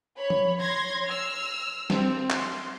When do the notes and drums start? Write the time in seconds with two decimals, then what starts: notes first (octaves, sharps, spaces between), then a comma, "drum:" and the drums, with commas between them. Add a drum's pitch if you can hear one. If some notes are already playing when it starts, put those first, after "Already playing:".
0.18 C#5 B5
0.30 drum: tom F3
0.60 C#5 C6 G#6 A#6
1.05 E6 F6
1.90 C4, drum: snare G3
2.30 C6, drum: clap